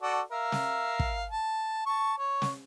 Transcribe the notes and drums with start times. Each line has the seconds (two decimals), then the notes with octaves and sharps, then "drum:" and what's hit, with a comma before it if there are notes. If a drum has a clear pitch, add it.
0.02 F#4 A4 D5
0.31 A#4 E5 F5
0.52 drum: snare
1.00 drum: kick
1.30 A5
1.86 A5 C#6
2.18 C#5
2.42 drum: snare